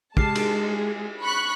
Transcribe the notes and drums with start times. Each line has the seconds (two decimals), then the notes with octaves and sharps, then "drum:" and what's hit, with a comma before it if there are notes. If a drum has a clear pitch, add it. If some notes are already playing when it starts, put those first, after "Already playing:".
0.17 G#3 G4 A5 F6 C7, drum: kick
0.35 drum: cymbal
0.65 G#4
1.20 B5 C#6 F#6